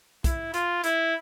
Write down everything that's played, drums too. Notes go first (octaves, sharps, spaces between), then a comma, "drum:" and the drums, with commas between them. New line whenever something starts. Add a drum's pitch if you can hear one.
E4, drum: kick B1, hi-hat
F4, drum: hi-hat
E4, drum: hi-hat